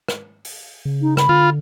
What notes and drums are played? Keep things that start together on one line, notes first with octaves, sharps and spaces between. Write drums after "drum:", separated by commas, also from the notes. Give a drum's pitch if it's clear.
drum: rim click
drum: open hi-hat
C#3
D#4
B5, drum: rim click
D3 F4